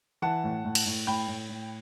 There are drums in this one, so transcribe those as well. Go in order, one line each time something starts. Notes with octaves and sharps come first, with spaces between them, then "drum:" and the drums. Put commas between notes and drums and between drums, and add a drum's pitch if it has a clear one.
E3 F#5 A5
A2
A2
drum: cymbal
A2
A2 G5 B5
A2
A2